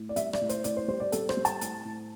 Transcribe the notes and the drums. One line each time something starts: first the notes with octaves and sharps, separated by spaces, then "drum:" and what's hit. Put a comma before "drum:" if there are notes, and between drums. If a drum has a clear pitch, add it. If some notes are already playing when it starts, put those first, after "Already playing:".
Already playing: A2
D5
G3 E5, drum: hi-hat
D5, drum: rim click
A2
C5, drum: hi-hat
A2 D5, drum: hi-hat
C5
G3 C5
D5
G3 A4, drum: hi-hat
C5, drum: rim click
G3
A5, drum: hi-hat
A2, drum: hi-hat
A2